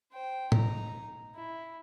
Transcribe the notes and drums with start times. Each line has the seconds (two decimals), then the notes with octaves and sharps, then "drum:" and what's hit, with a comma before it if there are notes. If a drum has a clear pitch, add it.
0.12 C5 G5
0.52 D#4 A#5, drum: tom A2
1.35 E4